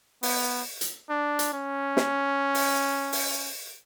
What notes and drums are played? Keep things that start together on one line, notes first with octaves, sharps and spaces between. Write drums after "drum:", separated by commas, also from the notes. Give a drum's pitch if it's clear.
B3, drum: open hi-hat
drum: hi-hat
D4
drum: hi-hat
C#4
drum: snare
drum: open hi-hat
drum: open hi-hat